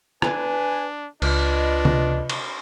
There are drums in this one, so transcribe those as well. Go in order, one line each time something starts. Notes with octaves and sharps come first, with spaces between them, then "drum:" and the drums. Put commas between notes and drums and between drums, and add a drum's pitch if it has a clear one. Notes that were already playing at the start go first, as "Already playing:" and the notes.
D4 B4 G#5, drum: rim click
C#2 D4 F4 B4 D#5, drum: cymbal
drum: tom C3
drum: cymbal